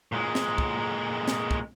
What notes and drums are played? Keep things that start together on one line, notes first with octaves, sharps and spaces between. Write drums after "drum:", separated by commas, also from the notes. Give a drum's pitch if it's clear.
A#2 G#3
drum: snare
drum: kick
drum: snare
drum: kick